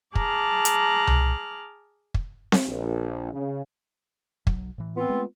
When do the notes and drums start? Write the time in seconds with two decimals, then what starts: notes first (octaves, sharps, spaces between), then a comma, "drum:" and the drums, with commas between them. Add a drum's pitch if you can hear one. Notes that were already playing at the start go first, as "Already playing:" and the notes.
0.15 G#4 A5 A#5 D6 F6 F#6, drum: kick
0.65 drum: hi-hat
1.07 drum: tom C2
2.14 drum: kick
2.52 drum: snare C4
2.67 A#1
3.33 C#3
4.47 B1 F#3, drum: kick
4.78 A2 E3
4.97 B3 C4 F4
5.10 G#3 A3